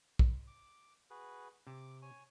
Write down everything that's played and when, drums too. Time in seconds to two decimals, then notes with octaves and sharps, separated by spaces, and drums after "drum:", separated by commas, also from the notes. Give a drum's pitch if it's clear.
0.19 drum: kick
0.47 D6
1.10 F#4 G#4 B4
1.67 C3 D6
2.02 C#5 G#5